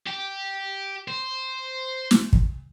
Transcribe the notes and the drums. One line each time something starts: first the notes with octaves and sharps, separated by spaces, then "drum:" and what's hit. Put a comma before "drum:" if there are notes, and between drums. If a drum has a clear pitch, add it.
G4
C5
drum: snare
drum: kick